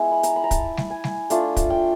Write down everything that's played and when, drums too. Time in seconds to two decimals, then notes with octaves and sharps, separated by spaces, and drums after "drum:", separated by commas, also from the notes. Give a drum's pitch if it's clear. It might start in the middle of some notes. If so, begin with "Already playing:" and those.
Already playing: G#3 B3 E4
0.11 B5
0.23 A#5, drum: hi-hat
0.36 B5
0.44 A#5
0.51 A5, drum: kick, hi-hat
0.77 drum: snare G3
0.90 G#5
1.04 drum: snare G3
1.30 A3 D4 F4, drum: hi-hat
1.57 drum: kick, hi-hat
1.70 G5